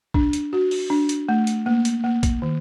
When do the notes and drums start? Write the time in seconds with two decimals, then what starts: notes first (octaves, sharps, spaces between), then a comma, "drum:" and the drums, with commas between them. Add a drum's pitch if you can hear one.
0.14 D4, drum: kick
0.33 drum: hi-hat
0.53 F#4
0.71 drum: open hi-hat
0.90 D4
1.09 drum: hi-hat
1.28 A3
1.47 drum: hi-hat
1.66 A#3
1.85 drum: hi-hat
2.04 A#3
2.23 drum: kick, hi-hat
2.42 D#3